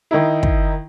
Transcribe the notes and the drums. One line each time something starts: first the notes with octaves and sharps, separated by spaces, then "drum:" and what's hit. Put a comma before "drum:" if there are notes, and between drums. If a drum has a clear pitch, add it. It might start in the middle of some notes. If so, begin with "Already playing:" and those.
D#3 D#4 E4
drum: kick